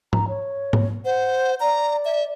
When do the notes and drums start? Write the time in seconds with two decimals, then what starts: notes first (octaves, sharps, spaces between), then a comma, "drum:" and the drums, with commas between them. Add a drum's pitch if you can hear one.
0.13 A#5, drum: tom G#2
0.28 C#5
0.73 drum: tom G#2
1.05 C5 F#5
1.60 D5 A#5
2.05 E5